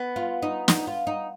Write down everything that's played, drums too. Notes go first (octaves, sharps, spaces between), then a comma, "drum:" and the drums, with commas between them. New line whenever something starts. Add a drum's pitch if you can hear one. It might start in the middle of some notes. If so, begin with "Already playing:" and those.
Already playing: B3
F4
D#4
D#4, drum: snare
F4
D#4